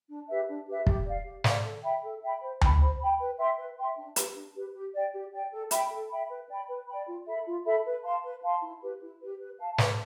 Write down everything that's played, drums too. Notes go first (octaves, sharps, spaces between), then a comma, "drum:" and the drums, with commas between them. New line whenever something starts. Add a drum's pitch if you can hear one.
D4
G4 B4 E5
D4
G4 B4 E5
G4, drum: kick
D5 F5
G4
D5 F5, drum: snare
A4
E5 G5 B5
A4
E5 G5 B5
C5
G5 B5, drum: tom D2
C5
G5 B5
B4
E5 G5 C6
B4
E5 G5 C6
D4
G4 B4, drum: hi-hat
D4
G4 B4
G4
D5 G5
G4
D5 G5
A4
E5 G5 B5, drum: hi-hat
A4
E5 G5 B5
B4
D5 G5 B5
B4
D5 G5 B5
F4
A4 E5 B5
F4
A4 E5 B5
B4
F5 A5 C6
B4
F5 A5 C6
E4
G4 B4
E4
G4 B4
B4
F5 A5
B4, drum: snare